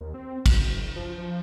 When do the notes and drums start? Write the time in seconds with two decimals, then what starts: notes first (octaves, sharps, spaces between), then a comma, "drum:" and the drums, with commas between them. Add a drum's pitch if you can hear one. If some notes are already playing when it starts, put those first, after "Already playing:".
0.01 D#2
0.14 C4
0.46 F#1, drum: kick, cymbal
0.96 F3
1.18 F3